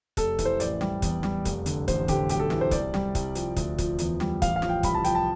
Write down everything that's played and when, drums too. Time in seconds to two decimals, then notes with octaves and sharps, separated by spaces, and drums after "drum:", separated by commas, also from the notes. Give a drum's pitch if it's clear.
0.17 F1 A4, drum: kick, hi-hat
0.39 E3, drum: kick, hi-hat
0.45 C5
0.60 A1 D5, drum: hi-hat
0.81 G3, drum: snare
1.02 E2, drum: kick, hi-hat
1.23 G3, drum: snare
1.45 F1, drum: kick, hi-hat
1.66 D3, drum: hi-hat
1.88 A1 C5, drum: kick, hi-hat
2.08 D3 G4, drum: kick, hi-hat
2.29 B1 G4, drum: hi-hat
2.40 A4
2.50 E3, drum: snare
2.61 C5
2.71 C2 D5, drum: kick, hi-hat
2.94 G3, drum: snare
3.15 C2, drum: kick, hi-hat
3.35 F3, drum: hi-hat
3.56 D2, drum: kick, hi-hat
3.78 F3, drum: kick, hi-hat
3.98 E2, drum: hi-hat
4.20 G3, drum: snare
4.42 A1 F5, drum: kick, hi-hat
4.56 F5
4.62 F3, drum: snare
4.69 G5
4.83 C2 B5, drum: kick, hi-hat
4.95 A5
5.04 F3 G5, drum: hi-hat
5.15 A5